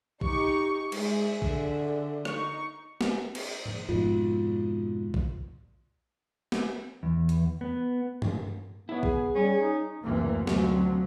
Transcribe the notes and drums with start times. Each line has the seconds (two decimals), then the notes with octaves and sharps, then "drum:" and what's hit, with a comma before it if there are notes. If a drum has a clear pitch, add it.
0.21 D#4 G4 C#6, drum: kick A#1
0.92 G#3 G#4 E5, drum: cymbal
1.42 D3, drum: kick A#1
2.25 D#4 C#6, drum: rim click
3.01 drum: snare
3.35 drum: cymbal
3.66 drum: tom G#2
3.89 F2 G#2 B2 F4
5.14 drum: kick A#1
6.52 drum: snare
7.03 E2
7.29 drum: hi-hat
7.61 B3
8.22 drum: tom G2
8.89 B3 E4 C#5
9.03 G#4, drum: kick A#1
9.35 G3 C#4
9.58 D#4
10.03 F#1 D2 C3 E3 A#3
10.47 D2 C3 F3 F#3, drum: snare